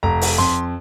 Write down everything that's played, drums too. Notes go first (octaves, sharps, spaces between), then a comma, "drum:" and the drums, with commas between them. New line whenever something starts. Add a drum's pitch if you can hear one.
F1 A#5
drum: open hi-hat
F2 C6